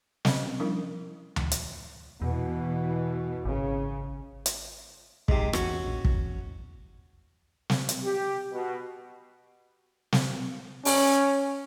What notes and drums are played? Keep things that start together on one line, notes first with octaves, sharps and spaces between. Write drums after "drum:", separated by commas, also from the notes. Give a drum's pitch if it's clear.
C#4 D#5, drum: snare
F3 G3 C#4 D4 E4 A#4
drum: tom D2
drum: hi-hat
E2 B2 E3
G#1 C#3
drum: hi-hat
G#2 C3, drum: kick
E2 C#4 F#4, drum: rim click
A#1
E2, drum: kick
drum: snare
drum: hi-hat
G4
B2
drum: snare
C#4, drum: open hi-hat